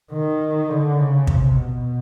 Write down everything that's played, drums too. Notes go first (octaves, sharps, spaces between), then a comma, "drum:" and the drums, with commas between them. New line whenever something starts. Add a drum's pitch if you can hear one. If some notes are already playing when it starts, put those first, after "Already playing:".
D#3
D3
C#3
C3, drum: kick
B2